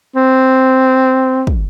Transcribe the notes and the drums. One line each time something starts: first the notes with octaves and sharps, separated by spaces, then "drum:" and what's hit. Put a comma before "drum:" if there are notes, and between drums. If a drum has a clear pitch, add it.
C4
drum: kick